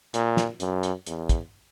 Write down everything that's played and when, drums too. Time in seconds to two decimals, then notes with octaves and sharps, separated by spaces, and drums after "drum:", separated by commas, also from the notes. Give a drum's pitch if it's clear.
0.14 A#2, drum: hi-hat
0.37 drum: snare
0.60 F#2, drum: hi-hat
0.83 drum: hi-hat
1.07 E2, drum: hi-hat
1.29 drum: kick, hi-hat